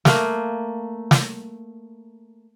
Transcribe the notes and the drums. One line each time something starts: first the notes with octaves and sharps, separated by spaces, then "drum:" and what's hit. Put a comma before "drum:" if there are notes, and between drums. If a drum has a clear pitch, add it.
A3 A#3, drum: snare
drum: snare